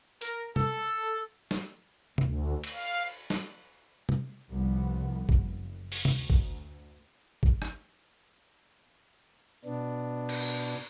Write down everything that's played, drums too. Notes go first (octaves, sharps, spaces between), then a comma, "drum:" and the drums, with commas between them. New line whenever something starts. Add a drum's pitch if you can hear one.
A#4, drum: hi-hat
A4, drum: tom
drum: snare
D2, drum: tom
drum: cymbal
F5
drum: snare
drum: tom
C2 F3 G3 B3
F#1, drum: kick
drum: open hi-hat
D2, drum: tom
drum: kick
drum: kick
drum: rim click
B2 B3 D4
drum: cymbal